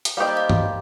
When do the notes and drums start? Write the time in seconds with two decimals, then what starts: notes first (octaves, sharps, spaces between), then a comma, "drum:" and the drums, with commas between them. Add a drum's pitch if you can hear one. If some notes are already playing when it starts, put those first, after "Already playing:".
0.05 drum: hi-hat
0.17 G3 A#3 D#4 G4 C5 F5
0.28 D#5
0.37 F5
0.50 drum: tom